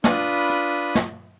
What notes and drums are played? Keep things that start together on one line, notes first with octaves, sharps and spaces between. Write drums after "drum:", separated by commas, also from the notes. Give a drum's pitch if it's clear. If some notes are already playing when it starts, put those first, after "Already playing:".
D4 F4 B4 B5 D#6, drum: snare
drum: hi-hat
drum: snare